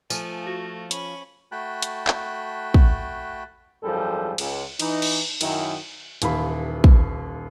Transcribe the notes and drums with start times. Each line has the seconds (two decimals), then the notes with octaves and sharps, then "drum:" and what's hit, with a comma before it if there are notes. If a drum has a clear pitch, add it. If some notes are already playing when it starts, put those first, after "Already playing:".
0.10 F3 A3 G#5, drum: tambourine
0.47 F#4
0.91 C#4 B5 C#6, drum: hi-hat
1.52 A3 F#4 G5 A5 B5 F#6
1.82 drum: hi-hat
2.07 drum: clap
2.74 drum: kick
3.83 G#1 F#2 F3 G3 G#4 A4
4.38 C#2, drum: cymbal
4.79 E3 D#4, drum: cymbal
5.02 drum: cymbal
5.41 F#2 D#3 E4, drum: cymbal
6.22 D#1 D#2 E3 B4 B5, drum: hi-hat
6.84 drum: kick